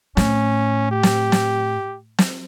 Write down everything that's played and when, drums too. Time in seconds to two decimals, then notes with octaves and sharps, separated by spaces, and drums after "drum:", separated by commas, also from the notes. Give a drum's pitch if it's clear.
0.17 A2 C#4, drum: snare
0.91 G4
1.03 drum: snare
1.32 drum: snare
2.19 drum: snare